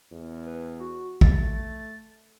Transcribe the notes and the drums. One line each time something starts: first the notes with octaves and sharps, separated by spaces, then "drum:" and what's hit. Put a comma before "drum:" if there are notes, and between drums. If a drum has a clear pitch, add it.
E2
B4
F#4
A3 A6, drum: kick